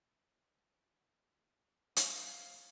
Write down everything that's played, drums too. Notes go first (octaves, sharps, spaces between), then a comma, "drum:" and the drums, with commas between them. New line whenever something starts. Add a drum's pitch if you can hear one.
F5, drum: hi-hat